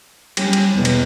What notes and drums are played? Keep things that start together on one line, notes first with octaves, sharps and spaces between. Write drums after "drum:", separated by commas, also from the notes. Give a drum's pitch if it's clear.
G3 C#4, drum: cymbal
drum: cymbal
E2 B2
drum: cymbal